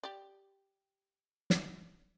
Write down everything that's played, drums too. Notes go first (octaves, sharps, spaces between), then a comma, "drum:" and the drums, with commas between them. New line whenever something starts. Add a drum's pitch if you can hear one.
G4 D5
drum: snare